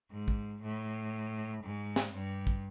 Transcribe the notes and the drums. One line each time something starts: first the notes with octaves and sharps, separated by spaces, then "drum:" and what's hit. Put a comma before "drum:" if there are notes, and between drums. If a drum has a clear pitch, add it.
G#2
drum: kick
A2
G#2
drum: snare
G2
drum: kick